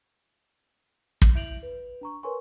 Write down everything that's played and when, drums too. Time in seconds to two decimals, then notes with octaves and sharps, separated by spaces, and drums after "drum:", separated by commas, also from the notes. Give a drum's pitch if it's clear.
1.22 drum: kick
1.35 E4 E5 G6 D7 F7 F#7
1.63 B4
2.01 D4 A#5 C#6
2.23 A#4 B4 C#5 G#5 C6 C#6